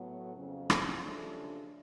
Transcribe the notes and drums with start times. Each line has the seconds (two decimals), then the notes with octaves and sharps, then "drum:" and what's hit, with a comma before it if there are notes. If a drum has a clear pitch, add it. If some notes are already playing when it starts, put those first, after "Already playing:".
Already playing: A2 F#3 B3
0.35 F2 C#3 F#3
0.70 drum: rim click
1.01 D#2 C#3 F3 A3 D4